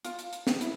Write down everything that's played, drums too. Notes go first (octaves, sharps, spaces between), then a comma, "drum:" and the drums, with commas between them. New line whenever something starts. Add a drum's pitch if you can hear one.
F4, drum: hi-hat
drum: hi-hat
drum: hi-hat
drum: snare
E4, drum: hi-hat